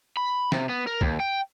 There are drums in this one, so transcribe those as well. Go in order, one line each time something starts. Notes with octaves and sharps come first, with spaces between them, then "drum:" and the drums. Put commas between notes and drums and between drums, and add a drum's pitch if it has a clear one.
B5
C3, drum: snare
B3
A#4
D#2, drum: kick
G5